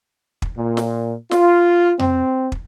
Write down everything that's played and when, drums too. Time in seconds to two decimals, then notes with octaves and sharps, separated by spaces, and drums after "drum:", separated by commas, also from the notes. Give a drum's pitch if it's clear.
0.42 drum: kick
0.58 A#2
0.77 drum: snare
1.31 F4, drum: snare
1.99 C4, drum: tom F2
2.52 drum: kick